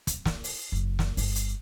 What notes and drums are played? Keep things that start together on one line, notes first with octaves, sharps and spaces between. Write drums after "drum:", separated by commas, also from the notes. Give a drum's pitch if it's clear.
drum: kick, hi-hat
drum: snare
drum: open hi-hat
F#1
drum: snare
G1, drum: open hi-hat
drum: hi-hat